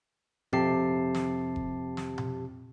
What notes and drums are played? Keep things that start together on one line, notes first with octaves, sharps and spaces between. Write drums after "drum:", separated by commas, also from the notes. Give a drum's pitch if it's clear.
F2 C3 G4 A5 C7, drum: tom B2
drum: snare
drum: kick F1
drum: snare
drum: tom B2